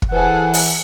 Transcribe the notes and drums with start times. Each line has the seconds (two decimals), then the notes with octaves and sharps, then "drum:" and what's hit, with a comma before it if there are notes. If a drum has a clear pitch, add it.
0.02 drum: kick
0.12 E3 G#4 A4 B4 C5 F#5 G#5
0.54 drum: open hi-hat